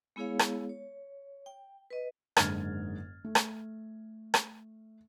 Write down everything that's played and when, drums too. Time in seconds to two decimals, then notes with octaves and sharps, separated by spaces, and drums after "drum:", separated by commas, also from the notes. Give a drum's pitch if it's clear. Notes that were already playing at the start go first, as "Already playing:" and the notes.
0.16 G#3 B3 E4 G#4 C#5 F5
0.39 drum: rim click
0.69 C#5
1.46 G5
1.90 B4 D#5
2.37 F#1 G#2 D3 F6 G#6 A6, drum: rim click
3.24 A3
3.35 drum: rim click
4.34 drum: rim click